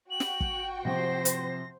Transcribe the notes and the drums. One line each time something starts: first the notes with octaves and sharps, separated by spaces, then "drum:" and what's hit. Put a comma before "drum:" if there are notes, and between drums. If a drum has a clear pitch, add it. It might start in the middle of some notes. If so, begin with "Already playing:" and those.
F#4 G5 F#7
drum: snare
drum: kick
C3 F3 C4 C5 A#6
drum: hi-hat